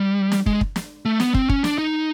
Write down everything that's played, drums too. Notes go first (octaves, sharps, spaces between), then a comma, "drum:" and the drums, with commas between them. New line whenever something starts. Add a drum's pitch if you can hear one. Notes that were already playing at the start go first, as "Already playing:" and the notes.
Already playing: G3
drum: snare
G#3, drum: kick
drum: kick
drum: snare
A3
B3, drum: snare
C4, drum: kick
C#4, drum: kick
D4, drum: snare
D#4